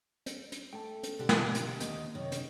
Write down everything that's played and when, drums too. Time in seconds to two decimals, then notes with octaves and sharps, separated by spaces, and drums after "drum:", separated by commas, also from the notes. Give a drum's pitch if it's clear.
0.26 drum: hi-hat
0.52 drum: hi-hat
0.73 A3 G5 A5
1.03 drum: hi-hat
1.19 B2 D3 D4 G4
1.29 drum: snare
1.55 drum: hi-hat
1.80 D#2 D#3 A#3 D#5, drum: hi-hat
2.15 F#2 C3 D#3 C#5
2.32 drum: hi-hat